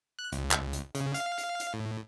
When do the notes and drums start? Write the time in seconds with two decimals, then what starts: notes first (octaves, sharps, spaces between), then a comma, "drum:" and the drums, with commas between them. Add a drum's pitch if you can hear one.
0.19 F#6
0.32 C#2, drum: hi-hat
0.51 drum: clap
0.73 drum: hi-hat
0.95 C#3, drum: hi-hat
1.14 F5, drum: hi-hat
1.38 drum: hi-hat
1.60 drum: hi-hat
1.74 A2